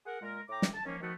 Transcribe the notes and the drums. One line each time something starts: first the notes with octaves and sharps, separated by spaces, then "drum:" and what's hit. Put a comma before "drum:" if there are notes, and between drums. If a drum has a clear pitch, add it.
G#4 A#4 F#5
A#2 G#3 A#4
A2 G5 A#5 D6
drum: snare
A5
D#3 F3 A#3 C#4
D#3 F3 A3 B3 F#4